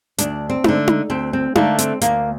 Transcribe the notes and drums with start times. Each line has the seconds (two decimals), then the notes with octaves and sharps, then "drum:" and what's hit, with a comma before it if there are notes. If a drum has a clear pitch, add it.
0.18 D2 D4, drum: hi-hat
0.50 C4
0.64 D3 A3, drum: tom D#4
0.88 drum: tom D#4
1.10 D2 C4
1.33 C4
1.55 D3 A3 A#3, drum: tom D#4
1.79 C4, drum: hi-hat
2.01 D2 A#3, drum: hi-hat